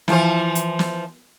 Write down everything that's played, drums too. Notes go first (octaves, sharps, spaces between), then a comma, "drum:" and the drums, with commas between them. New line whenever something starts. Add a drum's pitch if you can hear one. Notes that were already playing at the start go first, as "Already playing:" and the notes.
E3 F3 C5, drum: snare
drum: hi-hat
drum: snare